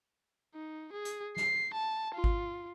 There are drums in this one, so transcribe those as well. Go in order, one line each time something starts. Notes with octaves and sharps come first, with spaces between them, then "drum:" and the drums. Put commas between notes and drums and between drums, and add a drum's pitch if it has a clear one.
D#4
G#4
drum: hi-hat
C7, drum: snare
A5
F4
drum: kick G#1